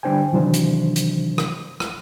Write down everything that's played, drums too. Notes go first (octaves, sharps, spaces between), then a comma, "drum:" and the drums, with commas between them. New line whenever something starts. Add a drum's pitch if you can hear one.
D3 G3 D4 C5 G5 G#5
C3 D#3 E3 F#3 D4 C5
drum: hi-hat
drum: hi-hat
drum: rim click
drum: rim click